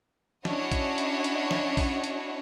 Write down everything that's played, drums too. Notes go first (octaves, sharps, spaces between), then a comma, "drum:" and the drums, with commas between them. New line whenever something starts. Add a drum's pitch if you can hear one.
C#4 D4 E4 F#4 C#5 D#5, drum: snare
drum: kick A#1, hi-hat
drum: hi-hat
drum: hi-hat
drum: snare
drum: kick A#1, open hi-hat
drum: hi-hat